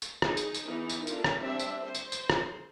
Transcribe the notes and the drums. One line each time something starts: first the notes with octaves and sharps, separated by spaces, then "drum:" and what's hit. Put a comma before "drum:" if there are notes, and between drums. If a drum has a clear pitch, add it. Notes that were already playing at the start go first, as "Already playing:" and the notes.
drum: tambourine
D#4 G#4, drum: rim click
drum: tambourine
drum: tambourine
E3 B3 D#4
drum: tambourine
A3 D4 F4 A#4, drum: tambourine
drum: rim click
G3 C4 D4 E5
drum: tambourine
C5
drum: tambourine
drum: tambourine
drum: rim click